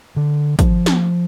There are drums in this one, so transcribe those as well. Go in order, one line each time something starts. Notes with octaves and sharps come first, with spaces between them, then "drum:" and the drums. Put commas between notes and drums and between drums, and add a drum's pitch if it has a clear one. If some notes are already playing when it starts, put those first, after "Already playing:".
D3
F3, drum: kick, hi-hat
drum: snare